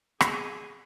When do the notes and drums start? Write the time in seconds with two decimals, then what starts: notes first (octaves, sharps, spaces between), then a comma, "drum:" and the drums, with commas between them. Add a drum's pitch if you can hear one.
0.21 G#4, drum: rim click